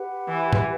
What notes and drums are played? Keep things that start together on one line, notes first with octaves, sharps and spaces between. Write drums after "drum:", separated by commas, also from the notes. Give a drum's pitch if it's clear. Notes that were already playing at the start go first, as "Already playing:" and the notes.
Already playing: G4 B4 F#5
E3
drum: tom